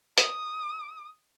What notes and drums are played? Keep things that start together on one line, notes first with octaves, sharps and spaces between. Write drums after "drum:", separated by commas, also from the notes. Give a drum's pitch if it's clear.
D#6, drum: hi-hat